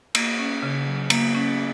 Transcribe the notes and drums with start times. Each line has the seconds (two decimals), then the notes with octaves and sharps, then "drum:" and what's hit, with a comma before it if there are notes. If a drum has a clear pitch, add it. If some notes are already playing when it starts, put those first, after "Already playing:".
0.15 A#3, drum: cymbal
0.39 C#4
0.63 C#3
0.86 F#3
1.10 A#3, drum: cymbal
1.35 C#4